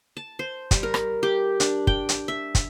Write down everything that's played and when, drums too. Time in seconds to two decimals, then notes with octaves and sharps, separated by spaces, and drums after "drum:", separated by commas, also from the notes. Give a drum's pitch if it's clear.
0.17 A5
0.39 C5
0.71 G3, drum: kick, hi-hat
0.83 A#4
0.94 drum: rim click
1.23 G4
1.60 D4, drum: hi-hat
1.87 G5, drum: kick
2.09 drum: hi-hat
2.28 E5
2.55 drum: kick, hi-hat